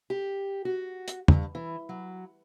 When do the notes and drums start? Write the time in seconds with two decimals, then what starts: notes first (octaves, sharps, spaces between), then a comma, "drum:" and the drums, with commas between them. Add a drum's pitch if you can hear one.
0.10 G4
0.65 F#4
1.08 drum: hi-hat
1.28 G2, drum: tom E2
1.55 E3
1.89 F#3